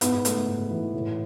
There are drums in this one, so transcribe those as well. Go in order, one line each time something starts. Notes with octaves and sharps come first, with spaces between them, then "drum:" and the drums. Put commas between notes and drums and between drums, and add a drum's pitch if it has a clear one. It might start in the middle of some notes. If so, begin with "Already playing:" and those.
G#2 B3, drum: hi-hat
A3, drum: hi-hat
G#2
E3
A2